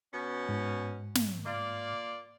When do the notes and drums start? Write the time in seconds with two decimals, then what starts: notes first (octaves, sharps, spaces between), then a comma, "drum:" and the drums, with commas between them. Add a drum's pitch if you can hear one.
0.14 B2 C#4
0.49 G#2
1.15 drum: snare
1.45 A#3 F4 D5